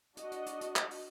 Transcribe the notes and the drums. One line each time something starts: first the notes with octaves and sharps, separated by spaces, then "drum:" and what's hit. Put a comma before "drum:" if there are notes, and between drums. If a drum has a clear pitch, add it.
D4 F#4 D#5, drum: hi-hat
drum: hi-hat
drum: hi-hat
drum: hi-hat
drum: clap
drum: open hi-hat